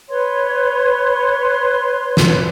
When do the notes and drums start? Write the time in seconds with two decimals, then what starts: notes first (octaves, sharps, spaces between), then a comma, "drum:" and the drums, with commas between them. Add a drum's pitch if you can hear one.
0.09 B4 C#5 C6
2.17 drum: snare